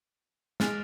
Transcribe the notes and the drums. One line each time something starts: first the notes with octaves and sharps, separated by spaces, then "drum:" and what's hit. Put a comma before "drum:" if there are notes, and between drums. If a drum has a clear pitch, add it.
G#3 F6 A6 D7 F7, drum: snare